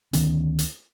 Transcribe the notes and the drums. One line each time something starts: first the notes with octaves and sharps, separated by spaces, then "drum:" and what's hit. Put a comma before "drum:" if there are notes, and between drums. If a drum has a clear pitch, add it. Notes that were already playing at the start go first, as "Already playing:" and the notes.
D2 D#3 B3 C#4, drum: hi-hat
drum: hi-hat